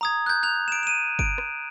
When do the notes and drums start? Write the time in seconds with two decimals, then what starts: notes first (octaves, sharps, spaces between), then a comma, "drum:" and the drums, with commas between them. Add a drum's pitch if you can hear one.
0.01 A#5 D#6 G#6
0.26 F#6 G6
0.43 F#6 G6 F7
0.68 D7 E7
0.83 D#7 E7
1.19 D7, drum: kick G1
1.38 drum: rim click